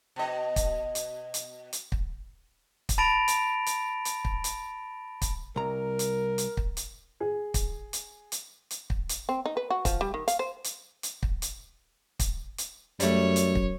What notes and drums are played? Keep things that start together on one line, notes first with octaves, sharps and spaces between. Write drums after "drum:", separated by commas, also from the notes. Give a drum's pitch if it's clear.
B2 D#5
drum: kick, hi-hat
drum: hi-hat
drum: hi-hat
drum: hi-hat
drum: kick
drum: kick, hi-hat
A5 B5 A6 A#6 D7 F7
drum: hi-hat
drum: hi-hat
drum: hi-hat
drum: kick
drum: hi-hat
drum: kick, hi-hat
C2 A#4 A#5
drum: hi-hat
drum: hi-hat
drum: kick
drum: hi-hat
G#4
drum: kick, hi-hat
drum: hi-hat
drum: hi-hat
drum: hi-hat
drum: kick
drum: hi-hat
C4
D#4
B4
F#4
F3, drum: kick, hi-hat
G3
D#3
F5, drum: hi-hat
C5
drum: hi-hat
drum: hi-hat
drum: kick
drum: hi-hat
drum: kick, hi-hat
drum: hi-hat
F#2 G3 A3 C#5, drum: hi-hat
drum: hi-hat
drum: kick